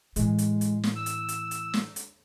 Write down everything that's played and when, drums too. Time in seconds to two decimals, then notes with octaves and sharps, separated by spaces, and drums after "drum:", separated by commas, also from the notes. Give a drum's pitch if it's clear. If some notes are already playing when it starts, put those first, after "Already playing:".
0.16 A2 E3 G#3, drum: hi-hat
0.38 drum: hi-hat
0.61 drum: hi-hat
0.83 drum: snare
0.95 E6
1.06 drum: hi-hat
1.29 drum: hi-hat
1.51 drum: hi-hat
1.74 drum: snare
1.96 drum: hi-hat